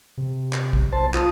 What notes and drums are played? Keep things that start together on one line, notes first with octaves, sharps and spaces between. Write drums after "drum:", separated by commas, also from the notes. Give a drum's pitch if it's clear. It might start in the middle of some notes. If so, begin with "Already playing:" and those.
C3
drum: clap
drum: kick
B1 C5 A5
F4 D#6, drum: clap